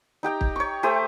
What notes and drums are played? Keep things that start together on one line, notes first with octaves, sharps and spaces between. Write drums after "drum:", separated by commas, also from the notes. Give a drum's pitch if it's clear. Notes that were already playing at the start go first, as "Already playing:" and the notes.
D#4 G4 G5 A#5
drum: kick
C#5 C#6
A3 G4 C5 D#6